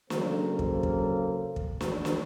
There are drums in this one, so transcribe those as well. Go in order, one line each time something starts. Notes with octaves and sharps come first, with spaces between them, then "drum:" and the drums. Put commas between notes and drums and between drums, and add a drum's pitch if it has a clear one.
C#3 F#3 A#3 C4 A4 C5, drum: snare
drum: kick
drum: kick
drum: kick
drum: snare
drum: snare